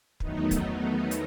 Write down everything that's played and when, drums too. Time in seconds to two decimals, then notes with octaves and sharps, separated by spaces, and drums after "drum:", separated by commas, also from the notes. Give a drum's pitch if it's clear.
0.20 E2 D#3 F#3 A3 B3 D#4, drum: kick
0.51 drum: kick, hi-hat
0.81 B3
1.11 drum: hi-hat